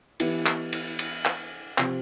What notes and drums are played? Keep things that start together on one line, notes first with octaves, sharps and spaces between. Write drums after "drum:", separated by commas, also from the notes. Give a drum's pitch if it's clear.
E3 B3 E4 G4, drum: cymbal
drum: clap
drum: cymbal
drum: cymbal
drum: clap
C3 F3 C4 G4, drum: clap